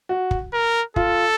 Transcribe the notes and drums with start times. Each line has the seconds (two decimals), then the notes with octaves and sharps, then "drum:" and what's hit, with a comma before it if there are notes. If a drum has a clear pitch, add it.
0.09 F#4
0.31 drum: kick
0.53 A#4
0.96 F4 A4, drum: kick